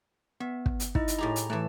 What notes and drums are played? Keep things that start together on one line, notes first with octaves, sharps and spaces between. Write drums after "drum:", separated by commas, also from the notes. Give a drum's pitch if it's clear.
B3 E5
drum: kick
drum: hi-hat
D#4 E4 D#5, drum: kick
drum: hi-hat
A2 G4 G#4 A#5
drum: hi-hat
A2 E3 A3 A5